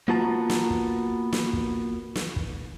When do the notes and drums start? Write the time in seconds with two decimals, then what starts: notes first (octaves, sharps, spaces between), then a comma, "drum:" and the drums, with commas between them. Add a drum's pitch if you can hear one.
0.08 A#3 B3 F4 F#4 A5 A#5
0.50 drum: snare
0.70 drum: kick
1.33 drum: snare
1.53 drum: kick
2.15 drum: snare
2.36 drum: kick